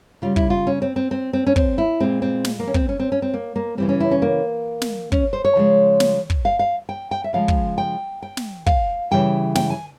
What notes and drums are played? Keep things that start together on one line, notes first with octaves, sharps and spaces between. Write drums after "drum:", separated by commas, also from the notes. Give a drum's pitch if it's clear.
C#3 G3 F4
E4, drum: kick
F4
C#4
C4
C4
C4
C4
C#4
C4, drum: kick
E4
A#2 G#3 C4
C4
drum: snare
A#3
C#4
C4, drum: kick
C#4
C4
C#4
C4
A#3
A#3
C#3 E3 G3 C4
C#4
E4
C#4
A#3
drum: snare
C#4, drum: kick
C5
C#5
C#3 F3 G#3
drum: snare
drum: kick
F5
F5
G5
G5
E5
C#3 F3 G#3 F5
drum: kick
G5
G5
drum: snare
F5, drum: kick
C#3 E3 G3 G5
G5, drum: snare
G#5